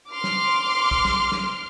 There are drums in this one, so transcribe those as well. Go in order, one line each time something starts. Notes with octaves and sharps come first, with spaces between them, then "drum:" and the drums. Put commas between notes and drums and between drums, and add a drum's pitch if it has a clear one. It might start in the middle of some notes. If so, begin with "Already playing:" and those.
C6 D6 F6
drum: snare
drum: kick
drum: snare
drum: snare